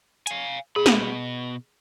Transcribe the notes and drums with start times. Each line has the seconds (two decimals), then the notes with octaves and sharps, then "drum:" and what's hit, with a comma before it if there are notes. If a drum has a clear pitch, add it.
0.27 F5 G#5, drum: hi-hat
0.76 B2 G#4 B5
0.86 drum: snare